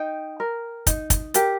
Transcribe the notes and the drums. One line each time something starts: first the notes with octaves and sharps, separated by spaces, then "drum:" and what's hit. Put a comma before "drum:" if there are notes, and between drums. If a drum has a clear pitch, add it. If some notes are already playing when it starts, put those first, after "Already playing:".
Already playing: D#4 G5
A#4
D#4, drum: kick, hi-hat
drum: kick, hi-hat
G4 A#4, drum: hi-hat